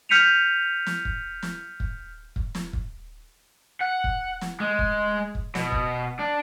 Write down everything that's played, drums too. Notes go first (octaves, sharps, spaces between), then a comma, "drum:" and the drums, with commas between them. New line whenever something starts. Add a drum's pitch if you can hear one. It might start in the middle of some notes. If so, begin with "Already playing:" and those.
F6 G6 B6 C#7 D#7 F7
drum: snare
drum: kick
drum: snare
drum: kick
drum: kick
drum: snare
drum: kick
F#5
drum: kick
drum: snare
G#3
drum: kick
drum: kick
B2, drum: snare
drum: kick
D4